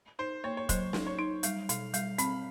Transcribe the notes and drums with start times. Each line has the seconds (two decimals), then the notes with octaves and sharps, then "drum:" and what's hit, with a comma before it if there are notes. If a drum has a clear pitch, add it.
0.19 D#4 C5
0.44 A#3 C#5
0.57 C#5
0.69 F#3 C5, drum: kick, hi-hat
0.93 D#4, drum: snare
1.07 C#5
1.19 D#4
1.43 G3 F5, drum: hi-hat
1.69 B2 F5, drum: hi-hat
1.94 G3 F5, drum: hi-hat
2.18 C4 B5, drum: hi-hat